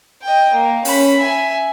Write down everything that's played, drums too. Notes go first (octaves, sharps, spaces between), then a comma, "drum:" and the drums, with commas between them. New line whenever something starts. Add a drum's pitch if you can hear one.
D#5 G5
A#3
C#4 B5, drum: open hi-hat
E5 G#5